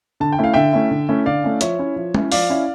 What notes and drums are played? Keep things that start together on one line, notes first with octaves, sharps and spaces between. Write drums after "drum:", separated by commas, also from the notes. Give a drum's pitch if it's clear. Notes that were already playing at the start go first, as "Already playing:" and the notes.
D3 A5
G5
A3 C#4 E4 F5
D3 E5 G5
A3 C#4 E4
D3
A3 C#4 E4
D3 D5 F5
A3 C#4 E4
F3 C#5 E5, drum: hi-hat
C#4 E4
F3
C#4 E4, drum: tom
F3 D5 F5, drum: open hi-hat
C#4 E4